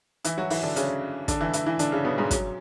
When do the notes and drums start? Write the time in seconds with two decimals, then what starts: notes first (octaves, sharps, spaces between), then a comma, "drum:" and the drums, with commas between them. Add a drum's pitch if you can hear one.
0.24 E3 E4, drum: hi-hat
0.38 F#3 F#4
0.50 E3 E4, drum: open hi-hat
0.63 D3 D4
0.76 C#3 C#4, drum: hi-hat
1.28 D3 D4, drum: kick, hi-hat
1.41 E3 E4
1.53 E3 E4, drum: hi-hat
1.66 E3 E4
1.79 D3 D4, drum: hi-hat
1.92 C#3 C#4
2.05 B2 B3
2.18 G#2 G#3
2.31 F#3, drum: kick, hi-hat